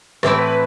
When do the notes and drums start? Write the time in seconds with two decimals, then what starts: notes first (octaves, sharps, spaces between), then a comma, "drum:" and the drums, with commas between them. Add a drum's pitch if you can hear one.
0.23 A2 E3 A3 C4 E4 G4, drum: rim click
0.34 B4
0.45 B4